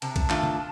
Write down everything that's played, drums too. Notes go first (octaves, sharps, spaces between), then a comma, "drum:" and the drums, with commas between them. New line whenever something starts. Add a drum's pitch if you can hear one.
C3 A5, drum: cymbal
drum: kick, cymbal
D#3 A3 D4 F4, drum: clap
drum: tom